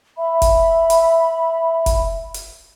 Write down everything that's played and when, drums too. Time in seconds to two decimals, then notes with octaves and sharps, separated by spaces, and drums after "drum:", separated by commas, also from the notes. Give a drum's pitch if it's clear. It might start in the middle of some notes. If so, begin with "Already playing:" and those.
0.18 E5 B5
0.42 drum: kick F1, hi-hat
0.90 drum: hi-hat
1.86 drum: kick F1, hi-hat
2.34 drum: hi-hat